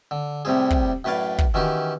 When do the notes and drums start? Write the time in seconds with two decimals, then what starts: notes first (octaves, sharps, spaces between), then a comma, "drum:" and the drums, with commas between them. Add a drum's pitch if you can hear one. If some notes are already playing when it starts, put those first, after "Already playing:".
0.11 D3
0.45 A2 C3 G3 C4 G#4
0.70 drum: kick
1.04 F#2 A2 B4 C#5 D5 F5
1.38 drum: kick
1.54 D#3 E3 C#4 F#4 G4